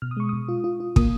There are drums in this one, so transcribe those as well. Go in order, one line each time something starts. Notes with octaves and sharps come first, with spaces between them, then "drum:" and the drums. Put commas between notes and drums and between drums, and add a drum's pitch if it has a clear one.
B2 F6
D#6
G#3 C#6
B2 D#6
F4
F4
F4
A#3 D#6, drum: kick